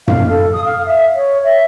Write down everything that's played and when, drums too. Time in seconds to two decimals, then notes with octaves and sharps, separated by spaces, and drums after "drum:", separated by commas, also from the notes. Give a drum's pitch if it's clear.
0.08 F5, drum: tom F#2
0.29 A4
0.53 D#6
0.65 F5
0.87 E5
1.15 C#5
1.44 E5